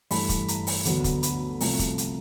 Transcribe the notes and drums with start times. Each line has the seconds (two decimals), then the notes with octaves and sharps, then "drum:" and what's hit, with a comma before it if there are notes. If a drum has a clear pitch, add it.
0.11 G2 E3 A3 B5, drum: open hi-hat
0.29 drum: kick, hi-hat
0.48 A#5, drum: hi-hat
0.67 drum: open hi-hat
0.85 D2 D3 F#3 B3, drum: hi-hat
1.04 drum: kick, hi-hat
1.23 B5, drum: hi-hat
1.61 C2 C3 F3 A3 A#5, drum: open hi-hat
1.79 drum: kick, hi-hat
1.98 drum: hi-hat